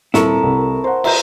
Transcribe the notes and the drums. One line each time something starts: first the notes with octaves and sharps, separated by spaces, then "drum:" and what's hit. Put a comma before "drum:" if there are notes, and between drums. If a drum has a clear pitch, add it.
D#1 C4 E4 A4 A#4 A5 C#6, drum: snare
C2
C5 F#5 A#5
E5 A#5 G6, drum: cymbal